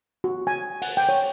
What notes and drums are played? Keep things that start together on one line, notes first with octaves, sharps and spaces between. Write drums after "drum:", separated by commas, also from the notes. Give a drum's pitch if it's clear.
F#4
G#5
F#5, drum: open hi-hat
G5
C#5